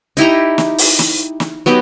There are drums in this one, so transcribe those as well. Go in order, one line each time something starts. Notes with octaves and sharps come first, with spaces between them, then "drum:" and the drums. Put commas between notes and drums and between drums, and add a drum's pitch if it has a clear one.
D#4 E4 G4 A#5, drum: hi-hat
drum: snare
drum: open hi-hat
drum: snare
drum: snare
F#3 B3 D#4 G4